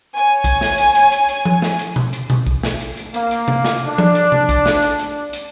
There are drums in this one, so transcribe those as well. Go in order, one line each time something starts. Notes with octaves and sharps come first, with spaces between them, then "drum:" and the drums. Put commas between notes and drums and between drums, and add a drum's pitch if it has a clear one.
C#5 G#5
drum: kick, hi-hat
drum: snare
drum: hi-hat
drum: hi-hat
drum: hi-hat
drum: hi-hat
drum: tom F3
drum: snare
drum: hi-hat
drum: tom B2
drum: hi-hat
drum: tom B2
drum: kick
drum: snare
drum: hi-hat
drum: hi-hat
A#3, drum: hi-hat
drum: hi-hat
drum: tom C3
drum: snare
D4
drum: tom F3
drum: hi-hat
drum: tom C3
drum: kick, hi-hat
drum: snare
drum: hi-hat
drum: hi-hat
drum: hi-hat